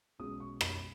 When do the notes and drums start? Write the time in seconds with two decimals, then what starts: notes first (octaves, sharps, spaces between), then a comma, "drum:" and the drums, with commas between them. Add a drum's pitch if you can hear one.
0.19 B1 B2 G#3 C#4 D#6
0.40 C#6
0.61 B5, drum: rim click